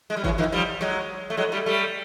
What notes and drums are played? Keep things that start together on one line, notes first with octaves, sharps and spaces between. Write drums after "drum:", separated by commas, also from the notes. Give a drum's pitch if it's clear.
G#3
G3
E3 F#3, drum: kick G1
D#3 F3
F3 G3
F#3 G#3, drum: snare
A3
F#3 G#3
G3 A3
G3 A3